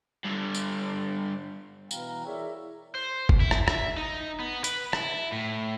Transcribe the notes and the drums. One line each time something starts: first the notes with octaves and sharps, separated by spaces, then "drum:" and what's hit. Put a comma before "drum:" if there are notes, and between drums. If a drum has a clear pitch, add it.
G2 D3
drum: tambourine
B2 E3 B4 F5 G5 A#5, drum: tambourine
E4 G#4 A#4 C#5 D5 E5
C5
drum: kick F#1
E4
drum: rim click
E5, drum: rim click
D#4
B3
B4, drum: hi-hat
E4, drum: rim click
A2